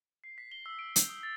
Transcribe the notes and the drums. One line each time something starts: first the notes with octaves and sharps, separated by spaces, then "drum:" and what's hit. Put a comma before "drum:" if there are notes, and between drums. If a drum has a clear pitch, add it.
C7
B6
G7
E6
D7
G6, drum: hi-hat
D#6
A6